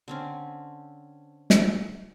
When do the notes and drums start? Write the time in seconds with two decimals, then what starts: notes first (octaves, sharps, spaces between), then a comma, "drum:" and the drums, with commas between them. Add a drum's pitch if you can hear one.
0.08 D3 C4 C#4
1.50 drum: snare